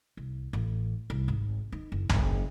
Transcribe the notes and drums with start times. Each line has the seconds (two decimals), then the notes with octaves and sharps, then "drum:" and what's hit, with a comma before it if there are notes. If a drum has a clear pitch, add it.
0.17 C2
0.53 A1
1.10 C2
1.28 G#1
1.72 D#3
1.92 F#1
2.09 F#1, drum: tom B1